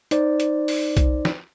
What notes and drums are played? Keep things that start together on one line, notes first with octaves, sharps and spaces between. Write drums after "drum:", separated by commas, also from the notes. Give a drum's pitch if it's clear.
D#4 C5 D5, drum: hi-hat
drum: hi-hat
drum: open hi-hat
drum: kick B1, hi-hat
drum: snare